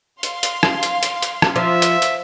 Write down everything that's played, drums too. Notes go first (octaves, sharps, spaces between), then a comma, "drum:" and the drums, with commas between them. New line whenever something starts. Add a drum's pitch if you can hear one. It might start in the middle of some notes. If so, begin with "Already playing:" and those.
F5 C6, drum: hi-hat
drum: hi-hat
drum: rim click
drum: hi-hat
drum: hi-hat
drum: hi-hat
drum: rim click
F3 E5
drum: hi-hat
drum: hi-hat